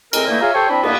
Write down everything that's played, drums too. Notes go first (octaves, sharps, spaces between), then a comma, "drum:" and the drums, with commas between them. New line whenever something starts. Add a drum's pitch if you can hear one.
A2 G#3 C4 A#4, drum: cymbal
D3 E3 A3 A#3 D#4 E4
F4 G#4 C#5 E5 F5 A#5
G4 A4 C5 C#5
C4 D4 E4 B5
G2 A#3 B3, drum: cymbal